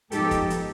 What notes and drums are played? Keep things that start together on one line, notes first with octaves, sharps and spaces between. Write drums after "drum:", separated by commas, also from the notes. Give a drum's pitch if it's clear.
G#2 F3 G#3 B3 D#4 G4 A4, drum: hi-hat
drum: kick, hi-hat
drum: hi-hat